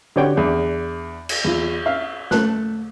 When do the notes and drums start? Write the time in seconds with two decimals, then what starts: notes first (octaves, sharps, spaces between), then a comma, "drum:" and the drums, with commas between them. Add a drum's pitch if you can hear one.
0.16 D3 F#4 G4 C#5 D5 G5
0.36 E2 D4
1.29 drum: cymbal
1.44 E2 F4
1.86 E5 F5
2.31 A3 A5 F#6, drum: snare